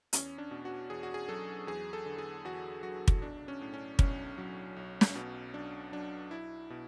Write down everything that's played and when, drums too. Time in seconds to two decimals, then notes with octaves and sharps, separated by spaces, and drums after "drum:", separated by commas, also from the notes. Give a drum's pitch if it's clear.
0.13 E2 C#4, drum: hi-hat
0.38 D4
0.51 B2
0.65 F#4
0.90 E2 G#4
1.03 F#4
1.14 G#4
1.29 F#3 A4
1.67 E2 G#4
1.93 A4
2.06 D3
2.18 G#4
2.45 E2 F#4
2.83 F#3 F#4
3.08 drum: kick
3.22 B1 D4
3.48 C#4
3.61 A2
3.74 C#4
3.99 B1 C#4, drum: kick
4.38 F#3
4.76 B1
5.01 drum: snare
5.15 B2
5.54 B1 D4
5.92 F#3 D4
6.31 B1 E4
6.70 B2